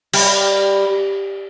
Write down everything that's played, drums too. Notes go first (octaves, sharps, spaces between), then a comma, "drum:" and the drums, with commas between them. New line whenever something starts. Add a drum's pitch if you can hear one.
G3, drum: cymbal